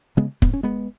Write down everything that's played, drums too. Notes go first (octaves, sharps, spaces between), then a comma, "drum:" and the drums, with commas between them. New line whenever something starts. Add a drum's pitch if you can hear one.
C#3 G#3 B3
G#2 B3, drum: kick
C#4
G#3 B3